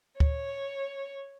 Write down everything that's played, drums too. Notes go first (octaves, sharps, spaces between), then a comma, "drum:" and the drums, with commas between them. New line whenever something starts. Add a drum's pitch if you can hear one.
C#5, drum: kick